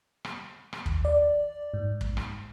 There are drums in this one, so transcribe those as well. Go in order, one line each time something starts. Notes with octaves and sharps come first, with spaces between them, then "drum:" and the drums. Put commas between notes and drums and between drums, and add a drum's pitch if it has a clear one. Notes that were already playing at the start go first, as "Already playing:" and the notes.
drum: rim click
drum: rim click
D#2, drum: kick
D5
G#2
drum: kick
drum: rim click